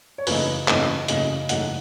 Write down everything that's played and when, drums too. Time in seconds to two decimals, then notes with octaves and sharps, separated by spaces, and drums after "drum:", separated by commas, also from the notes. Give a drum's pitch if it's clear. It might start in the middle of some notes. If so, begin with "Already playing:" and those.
0.18 C#5
0.27 F#2 C#3 E3 A3 D#4 B4, drum: open hi-hat
0.68 F#2 C#3 E3 A3 D#4, drum: clap
1.08 F#2 C#3 E3 A3 D#4 D#5, drum: hi-hat
1.49 F#2 C#3 E3 A3 D#4 F#5, drum: hi-hat